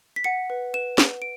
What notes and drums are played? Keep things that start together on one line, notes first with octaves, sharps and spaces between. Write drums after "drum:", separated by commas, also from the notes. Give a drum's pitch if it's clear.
B6
F#5 C#7
B4
B4 E7
F#5, drum: snare
D7